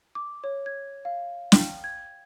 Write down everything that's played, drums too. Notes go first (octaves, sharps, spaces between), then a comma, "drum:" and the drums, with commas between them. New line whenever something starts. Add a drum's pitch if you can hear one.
D6
C#5
G#6
F5
G5, drum: snare
G#6